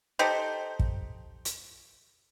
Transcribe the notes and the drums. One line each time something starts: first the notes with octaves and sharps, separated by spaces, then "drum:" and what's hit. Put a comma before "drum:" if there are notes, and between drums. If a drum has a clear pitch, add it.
D#4 G4 A4 C5
drum: kick
drum: hi-hat